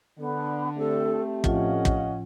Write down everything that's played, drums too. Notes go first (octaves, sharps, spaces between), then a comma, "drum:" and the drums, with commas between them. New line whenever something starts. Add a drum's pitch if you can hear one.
D3 B3
A3 C4 G4 A4
A2 F3 C#4 F4 D#5 F5 F#5, drum: kick
drum: kick